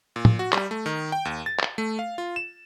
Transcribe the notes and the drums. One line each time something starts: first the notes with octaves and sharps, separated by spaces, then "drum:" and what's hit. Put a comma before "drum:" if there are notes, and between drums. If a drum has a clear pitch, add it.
A#2
drum: tom
F#4
G3, drum: clap
A3
D#3
G5
D#2
A6
drum: clap
A3
F5
F4
E7